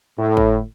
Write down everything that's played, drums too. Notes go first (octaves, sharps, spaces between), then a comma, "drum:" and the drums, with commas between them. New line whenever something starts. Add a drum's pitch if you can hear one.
A2
drum: kick